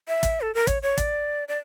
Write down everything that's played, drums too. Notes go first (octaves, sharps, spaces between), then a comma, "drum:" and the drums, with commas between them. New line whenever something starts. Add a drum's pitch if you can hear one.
E5
drum: kick, hi-hat
A4
A#4
C#5, drum: kick, hi-hat
C#5
D5, drum: kick, hi-hat
D5